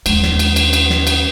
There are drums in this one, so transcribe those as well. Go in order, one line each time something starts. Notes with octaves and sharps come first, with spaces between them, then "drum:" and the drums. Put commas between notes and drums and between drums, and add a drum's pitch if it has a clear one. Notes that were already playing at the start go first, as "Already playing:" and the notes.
D#2 G#3, drum: cymbal
drum: snare
drum: cymbal
drum: cymbal
drum: cymbal
drum: snare
drum: cymbal